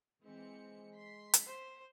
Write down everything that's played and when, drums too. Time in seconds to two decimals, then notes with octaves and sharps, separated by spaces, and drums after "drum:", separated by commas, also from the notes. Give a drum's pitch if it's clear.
0.24 E3 G#3 C4 C#7
0.97 C6 B6 C7
1.33 drum: hi-hat
1.46 C5